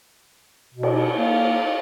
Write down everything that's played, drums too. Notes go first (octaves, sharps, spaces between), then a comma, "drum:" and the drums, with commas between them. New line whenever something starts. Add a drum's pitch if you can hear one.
B2
drum: cymbal
A#3 F5